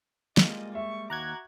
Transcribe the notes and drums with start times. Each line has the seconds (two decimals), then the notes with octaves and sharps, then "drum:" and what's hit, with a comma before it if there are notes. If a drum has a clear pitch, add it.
0.37 G3 G#3 A#3 F4 D#5, drum: snare
0.75 E5 C#6
1.10 D#2 F#4 A#5 D6 F#6 G#6